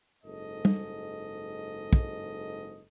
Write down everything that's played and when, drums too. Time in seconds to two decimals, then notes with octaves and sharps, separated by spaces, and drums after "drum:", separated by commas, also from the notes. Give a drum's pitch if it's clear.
0.24 F#1 G#2 A4 D#5
0.65 drum: tom
1.93 drum: kick